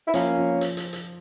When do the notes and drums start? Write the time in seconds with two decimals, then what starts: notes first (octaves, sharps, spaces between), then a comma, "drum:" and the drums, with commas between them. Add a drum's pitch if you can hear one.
0.08 E4
0.14 F3 A#3 C#4, drum: hi-hat
0.38 F3
0.61 drum: hi-hat
0.77 drum: hi-hat
0.93 drum: hi-hat